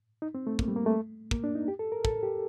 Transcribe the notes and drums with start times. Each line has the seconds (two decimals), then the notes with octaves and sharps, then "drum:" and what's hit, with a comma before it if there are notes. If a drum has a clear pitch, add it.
0.22 D#4
0.35 C4
0.47 A3
0.59 A#3, drum: kick
0.68 G3
0.76 A#3
0.86 A3
1.31 A#3, drum: kick
1.44 D4
1.55 D#4
1.68 G4
1.79 A4
1.92 A#4
2.05 A4, drum: kick
2.23 G4